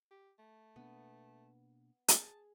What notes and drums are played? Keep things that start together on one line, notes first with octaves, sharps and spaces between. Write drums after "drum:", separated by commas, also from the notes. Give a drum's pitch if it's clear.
G4
A3
B2 A#3 B3 D4
G#4 A5, drum: hi-hat